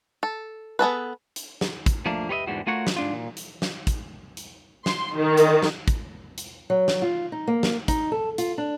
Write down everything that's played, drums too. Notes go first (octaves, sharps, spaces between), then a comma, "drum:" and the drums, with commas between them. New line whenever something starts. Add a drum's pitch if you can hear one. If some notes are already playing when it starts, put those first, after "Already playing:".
A4
B3 G#4 A4 B4
drum: hi-hat
drum: snare
drum: kick, hi-hat
F3 A3 A#3 D4
G4 B4 C#5 D#5 E5
E2 G#2 D3 G3 F#4
A3 F4 F#4 A#4 C#5 F#5
drum: snare
G#2 D4 F4
A#2
drum: hi-hat
drum: snare
drum: kick, hi-hat
drum: hi-hat
C6, drum: snare
D#3
drum: hi-hat
drum: snare
drum: kick, hi-hat
drum: hi-hat
F#3
drum: snare
F4
D#4
A#3
drum: snare
D#4, drum: kick, hi-hat
A4
F4, drum: hi-hat
D4